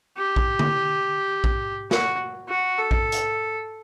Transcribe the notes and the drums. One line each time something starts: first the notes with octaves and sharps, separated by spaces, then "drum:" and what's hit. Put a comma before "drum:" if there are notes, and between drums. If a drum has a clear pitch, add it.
G4
drum: kick A#1
drum: tom D3
drum: kick A#1
F#4, drum: snare
F#4
A4
drum: kick A#1
drum: hi-hat